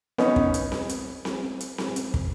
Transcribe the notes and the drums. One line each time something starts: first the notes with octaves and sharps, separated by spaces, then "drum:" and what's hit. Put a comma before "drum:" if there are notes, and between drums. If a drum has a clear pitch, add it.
B3 C#4 D#4, drum: snare C4
drum: kick
drum: hi-hat
drum: snare C4
drum: hi-hat
drum: snare C4
drum: hi-hat
drum: snare C4
drum: hi-hat
drum: kick